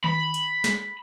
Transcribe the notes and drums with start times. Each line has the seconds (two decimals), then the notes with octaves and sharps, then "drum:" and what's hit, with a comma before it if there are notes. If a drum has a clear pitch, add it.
0.04 B5, drum: tom D#3
0.34 drum: hi-hat
0.64 drum: snare